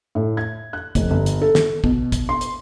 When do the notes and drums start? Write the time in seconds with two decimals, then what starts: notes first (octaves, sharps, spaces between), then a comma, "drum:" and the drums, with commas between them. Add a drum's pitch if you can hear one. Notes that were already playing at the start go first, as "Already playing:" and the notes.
0.15 A2
0.37 G#6
0.73 F#6
0.95 F1, drum: kick, hi-hat
1.11 G1
1.26 drum: hi-hat
1.41 A4
1.55 drum: snare
1.84 B2, drum: kick
2.12 drum: kick, hi-hat
2.29 C6
2.41 drum: hi-hat